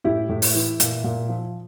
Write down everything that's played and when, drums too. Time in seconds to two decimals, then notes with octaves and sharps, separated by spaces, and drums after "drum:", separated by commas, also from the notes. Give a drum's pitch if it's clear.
0.04 A2 E4 G4
0.29 A2
0.42 drum: open hi-hat
0.55 E3
0.80 A#2, drum: hi-hat
1.04 A#2
1.29 F3